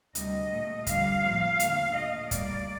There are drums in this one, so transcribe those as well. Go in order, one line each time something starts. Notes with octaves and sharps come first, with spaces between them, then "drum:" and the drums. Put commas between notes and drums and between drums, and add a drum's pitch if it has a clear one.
D2 C3 G3 D#5, drum: hi-hat
A#2 A3
F2 D3 G3 F5, drum: kick, hi-hat
A2 F3 A#3
D#2 D3 A3, drum: hi-hat
A#2 A3 D#5
A2 G3 A#3 D5, drum: kick, hi-hat